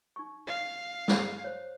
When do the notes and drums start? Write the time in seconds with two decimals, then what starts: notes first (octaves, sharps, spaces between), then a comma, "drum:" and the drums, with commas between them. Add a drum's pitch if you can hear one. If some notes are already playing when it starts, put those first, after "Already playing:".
0.16 D#4 C#6
0.47 F5
1.08 drum: snare
1.44 C5 C#5